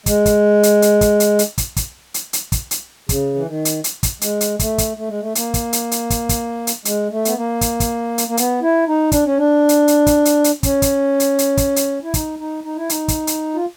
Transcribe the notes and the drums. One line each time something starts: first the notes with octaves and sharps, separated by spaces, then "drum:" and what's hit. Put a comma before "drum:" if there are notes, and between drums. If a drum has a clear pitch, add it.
G#3, drum: kick, hi-hat
drum: kick, hi-hat
drum: hi-hat
drum: hi-hat
drum: kick, hi-hat
drum: hi-hat
drum: hi-hat
drum: kick, hi-hat
drum: kick, hi-hat
drum: hi-hat
drum: hi-hat
drum: kick, hi-hat
drum: hi-hat
C#3, drum: kick, hi-hat
E3
D#3
drum: hi-hat
drum: hi-hat
drum: kick, hi-hat
G#3, drum: hi-hat
drum: hi-hat
A3, drum: kick, hi-hat
drum: kick, hi-hat
A3
G#3
A3
A#3, drum: hi-hat
drum: kick, hi-hat
drum: hi-hat
drum: hi-hat
drum: kick, hi-hat
drum: kick, hi-hat
drum: hi-hat
G#3, drum: hi-hat
A3
B3, drum: hi-hat
A#3
drum: kick, hi-hat
drum: kick, hi-hat
drum: hi-hat
A#3
B3, drum: hi-hat
E4
D#4
D4, drum: kick, hi-hat
C#4
D4
drum: hi-hat
drum: hi-hat
drum: kick, hi-hat
drum: hi-hat
drum: hi-hat
C#4, drum: kick, hi-hat
drum: kick, hi-hat
drum: hi-hat
drum: hi-hat
drum: kick, hi-hat
drum: hi-hat
E4
D#4, drum: kick, hi-hat
D#4
D#4
E4
D#4, drum: hi-hat
drum: kick, hi-hat
drum: hi-hat
F4